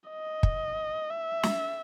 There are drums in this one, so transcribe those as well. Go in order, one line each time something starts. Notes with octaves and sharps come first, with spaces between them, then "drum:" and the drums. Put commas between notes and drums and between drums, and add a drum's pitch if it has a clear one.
D#5
drum: kick
E5
drum: snare